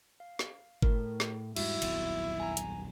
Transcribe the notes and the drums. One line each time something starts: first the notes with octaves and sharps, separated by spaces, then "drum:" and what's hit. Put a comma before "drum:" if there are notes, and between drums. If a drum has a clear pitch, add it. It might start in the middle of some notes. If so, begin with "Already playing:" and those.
F5
drum: snare
A2 A3 A#4, drum: kick G1
drum: snare
E2 G#2 G3 E4 F#4, drum: cymbal
D#1 B1 F2, drum: cymbal
G#5 A#5
drum: hi-hat